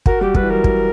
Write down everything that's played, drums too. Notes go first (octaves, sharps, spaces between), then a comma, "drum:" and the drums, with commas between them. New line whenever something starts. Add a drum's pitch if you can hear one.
F#4 A#4, drum: kick
G3 G4
G3 B4, drum: kick
E3
F#3 A#4
drum: kick